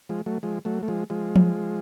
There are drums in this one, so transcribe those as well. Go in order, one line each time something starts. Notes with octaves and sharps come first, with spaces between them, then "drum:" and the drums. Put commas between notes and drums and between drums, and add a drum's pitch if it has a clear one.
F3 G#3
F#3 A3
F3 G#3
F#3 A3
A3
F3 G#3
F3 G#3
drum: tom F3